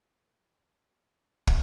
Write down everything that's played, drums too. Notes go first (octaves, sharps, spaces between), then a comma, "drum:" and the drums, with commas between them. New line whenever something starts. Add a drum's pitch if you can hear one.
A4
A4
G#4
A4
G#4
drum: kick